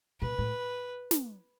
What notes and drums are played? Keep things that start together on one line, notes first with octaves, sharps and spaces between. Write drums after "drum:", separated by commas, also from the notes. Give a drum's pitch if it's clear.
A#2 B4
A2
drum: snare